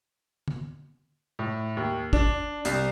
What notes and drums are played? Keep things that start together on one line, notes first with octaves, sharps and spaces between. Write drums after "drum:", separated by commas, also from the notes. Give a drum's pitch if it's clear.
drum: tom D3
A2
D#2
D4, drum: kick
C2, drum: hi-hat